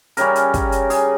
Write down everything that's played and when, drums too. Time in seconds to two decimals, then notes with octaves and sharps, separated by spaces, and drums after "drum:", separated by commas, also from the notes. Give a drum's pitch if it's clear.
0.17 C#3 G3 C#4 A#4, drum: hi-hat
0.35 drum: hi-hat
0.54 drum: kick, hi-hat
0.72 drum: hi-hat
0.90 G#4, drum: open hi-hat